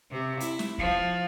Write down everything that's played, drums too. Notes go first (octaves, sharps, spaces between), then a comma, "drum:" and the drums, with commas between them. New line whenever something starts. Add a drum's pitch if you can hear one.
C3
E4, drum: hi-hat
drum: snare
F3, drum: kick